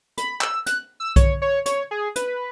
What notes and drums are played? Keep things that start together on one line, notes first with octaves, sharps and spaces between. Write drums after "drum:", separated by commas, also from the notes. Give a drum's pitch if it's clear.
B5, drum: hi-hat
E6, drum: clap
F#6, drum: hi-hat
E6
C#5, drum: kick B1, hi-hat
C#5
C#5, drum: hi-hat
G#4
B4, drum: hi-hat